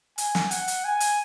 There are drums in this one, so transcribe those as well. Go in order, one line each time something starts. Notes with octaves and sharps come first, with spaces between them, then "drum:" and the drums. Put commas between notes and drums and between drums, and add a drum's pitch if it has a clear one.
G#5, drum: hi-hat
drum: snare
F#5, drum: hi-hat
drum: hi-hat
G#5
drum: hi-hat